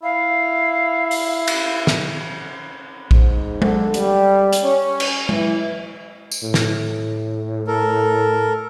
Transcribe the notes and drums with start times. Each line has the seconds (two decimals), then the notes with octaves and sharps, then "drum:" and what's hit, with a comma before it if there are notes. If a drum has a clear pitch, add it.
0.03 E4 F5
1.11 drum: open hi-hat
1.47 drum: cymbal
1.87 drum: snare
3.11 G#2, drum: kick A#1
3.62 D3, drum: tom G#3
3.94 G3, drum: hi-hat
4.53 drum: hi-hat
4.63 C#4
5.00 drum: cymbal
5.29 E3, drum: tom G#3
6.32 drum: tambourine
6.43 A2
6.54 drum: snare
7.67 A4 A#4